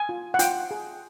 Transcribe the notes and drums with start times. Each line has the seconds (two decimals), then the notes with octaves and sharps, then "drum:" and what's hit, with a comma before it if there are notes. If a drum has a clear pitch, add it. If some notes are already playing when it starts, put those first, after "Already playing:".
Already playing: G#5
0.09 F4
0.34 F#5
0.39 F4 G5, drum: hi-hat
0.71 G#4